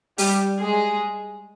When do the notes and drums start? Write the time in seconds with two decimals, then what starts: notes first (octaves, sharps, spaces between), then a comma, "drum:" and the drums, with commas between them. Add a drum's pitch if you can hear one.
0.18 G3 G4, drum: open hi-hat
0.58 G#3 G#4